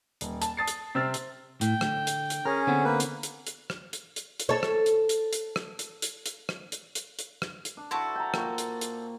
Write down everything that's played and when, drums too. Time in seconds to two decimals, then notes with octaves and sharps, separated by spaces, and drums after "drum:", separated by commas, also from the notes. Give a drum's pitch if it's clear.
0.21 D#1, drum: hi-hat
0.42 A5, drum: hi-hat
0.57 A5 D#6 A6 C7
0.67 drum: hi-hat
0.95 C3 C4 E6 F6 A6
1.14 drum: hi-hat
1.61 A2 G5, drum: hi-hat
1.81 D3, drum: rim click
2.07 drum: hi-hat
2.30 drum: hi-hat
2.46 C#4 G#4 A#4
2.67 D3 B3 C4
2.85 A#3 B4
3.00 drum: hi-hat
3.23 drum: hi-hat
3.47 drum: hi-hat
3.70 drum: rim click
3.93 drum: hi-hat
4.16 drum: hi-hat
4.40 drum: hi-hat
4.49 A4 C#5
4.63 drum: rim click
4.86 drum: hi-hat
5.09 drum: hi-hat
5.33 drum: hi-hat
5.56 drum: rim click
5.79 drum: hi-hat
6.02 drum: hi-hat
6.26 drum: hi-hat
6.49 drum: rim click
6.72 drum: hi-hat
6.95 drum: hi-hat
7.19 drum: hi-hat
7.42 drum: rim click
7.65 drum: hi-hat
7.77 D4
7.91 E4 F#4 A4 C5 C#6
8.16 G5 A#5
8.34 A#2 C#6, drum: rim click
8.58 drum: hi-hat
8.81 drum: hi-hat